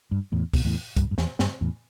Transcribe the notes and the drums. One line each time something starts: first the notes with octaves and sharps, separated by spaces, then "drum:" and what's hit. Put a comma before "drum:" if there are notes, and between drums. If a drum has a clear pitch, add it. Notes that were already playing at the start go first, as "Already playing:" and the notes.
G2
E2 A2
B2, drum: kick, open hi-hat
E2 A2
G2, drum: kick, hi-hat
G2
E2, drum: snare
G2, drum: snare
E2 A2